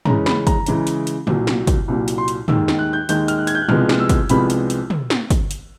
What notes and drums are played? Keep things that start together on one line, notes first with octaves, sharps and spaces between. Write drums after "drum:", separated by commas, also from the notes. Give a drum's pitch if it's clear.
C#3 E3 G#3 C#4 A#5, drum: tom
B5, drum: snare
A#5, drum: kick, hi-hat
C#3 E3 G#3 C#4, drum: hi-hat
drum: hi-hat
drum: hi-hat
C2 A#2 F#3, drum: tom
drum: snare
drum: kick, hi-hat
C2 A#2 F#3
drum: hi-hat
C6
drum: hi-hat
D#2 D#3 G#3 E6, drum: tom
drum: snare
F#6
G6
D#2 D#3 G#3 G6, drum: hi-hat
F6, drum: hi-hat
F#6
G#6, drum: hi-hat
G6
F#6
C2 C3 F3 G#3 B3 F6, drum: tom
drum: snare
E6
drum: kick, hi-hat
C2 C3 F3 G#3 B3 B5, drum: hi-hat
drum: hi-hat
drum: hi-hat
drum: tom
drum: snare
drum: kick, hi-hat
drum: hi-hat